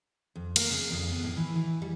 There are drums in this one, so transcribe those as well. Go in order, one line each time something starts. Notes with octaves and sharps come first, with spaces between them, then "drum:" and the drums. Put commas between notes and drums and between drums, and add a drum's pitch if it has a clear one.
F2
A#3, drum: cymbal
C#3
F2
B3
A2
E3
E3
G3